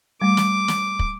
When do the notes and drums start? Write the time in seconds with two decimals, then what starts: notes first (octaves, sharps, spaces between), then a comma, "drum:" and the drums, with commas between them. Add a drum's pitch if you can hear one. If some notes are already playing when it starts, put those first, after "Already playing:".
0.22 G3 A3 D6
0.37 drum: snare
0.68 drum: snare
0.99 drum: kick